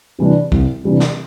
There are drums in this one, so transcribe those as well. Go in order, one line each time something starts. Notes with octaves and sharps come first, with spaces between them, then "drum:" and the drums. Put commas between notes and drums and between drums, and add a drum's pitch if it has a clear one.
C3 E3 G3 D4
C2, drum: kick
C3 E3 G3 D4
drum: snare